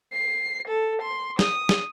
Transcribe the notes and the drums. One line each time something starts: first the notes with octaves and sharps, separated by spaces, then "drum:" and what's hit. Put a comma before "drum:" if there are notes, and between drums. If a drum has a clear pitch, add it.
C7
A4
C6
D#6, drum: snare
drum: snare